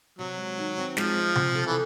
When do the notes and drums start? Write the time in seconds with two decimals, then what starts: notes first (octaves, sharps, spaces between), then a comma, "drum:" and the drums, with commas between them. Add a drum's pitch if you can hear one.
0.19 C3 F#3
0.38 G#3
0.58 D#3
0.78 C4
0.97 F3 G#3, drum: snare
1.16 F4
1.36 C4, drum: tom C3
1.55 A4
1.67 E3